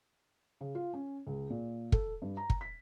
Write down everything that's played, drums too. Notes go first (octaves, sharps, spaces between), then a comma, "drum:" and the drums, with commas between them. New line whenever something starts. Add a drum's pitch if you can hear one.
C#3
F4
C#4
C#2
A#2
A4, drum: kick
G2
A#5
drum: kick
B6